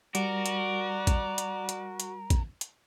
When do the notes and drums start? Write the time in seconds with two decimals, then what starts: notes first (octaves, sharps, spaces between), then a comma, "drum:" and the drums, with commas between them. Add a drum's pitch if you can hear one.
0.15 G3 F#4 A#4 D5, drum: hi-hat
0.46 drum: hi-hat
1.07 drum: kick, hi-hat
1.38 drum: hi-hat
1.69 drum: hi-hat
2.00 drum: hi-hat
2.30 drum: kick, hi-hat
2.61 drum: hi-hat